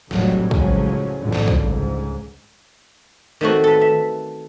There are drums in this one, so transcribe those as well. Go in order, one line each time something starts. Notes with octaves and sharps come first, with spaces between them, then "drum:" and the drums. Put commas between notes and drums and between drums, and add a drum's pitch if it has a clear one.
F1 A#1 F2 A2 F#3 G3, drum: snare
C#2 A2 F3 F#3 G#3 C#4, drum: kick
A1 F2 G#2 D3 F3 G3
drum: snare
drum: kick
C#2 G#2
D#3 A3 C4 F#4
A4 B4
E5